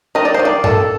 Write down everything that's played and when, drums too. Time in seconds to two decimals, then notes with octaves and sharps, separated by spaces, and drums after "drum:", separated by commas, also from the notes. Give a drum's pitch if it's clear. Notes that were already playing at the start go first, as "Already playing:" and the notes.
0.15 D#3 D#5
0.25 D5
0.34 D#3 C5
0.45 D5
0.64 D#3 A4, drum: tom G2